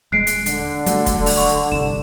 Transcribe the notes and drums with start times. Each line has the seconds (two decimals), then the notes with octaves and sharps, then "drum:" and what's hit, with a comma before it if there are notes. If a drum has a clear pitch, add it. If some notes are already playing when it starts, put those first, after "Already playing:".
0.12 D#1 G#3 F#6 C7 D7
0.27 drum: hi-hat
0.46 D3, drum: hi-hat
0.86 F#3 G3 A3, drum: hi-hat
1.06 drum: kick, hi-hat
1.26 drum: open hi-hat
1.37 C#6
1.72 G1 C2 E7